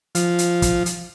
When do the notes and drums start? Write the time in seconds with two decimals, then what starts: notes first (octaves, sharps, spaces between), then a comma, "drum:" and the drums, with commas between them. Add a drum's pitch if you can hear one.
0.15 F3, drum: hi-hat
0.38 drum: hi-hat
0.62 drum: kick, hi-hat
0.86 drum: hi-hat